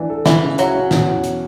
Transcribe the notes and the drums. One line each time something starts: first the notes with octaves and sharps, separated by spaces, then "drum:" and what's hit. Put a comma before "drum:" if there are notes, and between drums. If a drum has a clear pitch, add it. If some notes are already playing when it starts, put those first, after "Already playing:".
Already playing: E3 D4
A4
E3 E4, drum: snare
C#3
F#3 E4, drum: hi-hat
C#4
B2, drum: snare
E2
drum: hi-hat